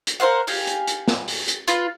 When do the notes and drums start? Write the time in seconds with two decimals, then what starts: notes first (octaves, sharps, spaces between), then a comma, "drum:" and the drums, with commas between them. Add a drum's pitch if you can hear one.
0.07 drum: hi-hat
0.20 A#4 C5 F5 F#5
0.47 G4 F5 G#5, drum: open hi-hat
0.67 drum: hi-hat
0.87 drum: hi-hat
1.08 drum: snare
1.28 drum: open hi-hat
1.48 drum: hi-hat
1.68 F4 B4, drum: hi-hat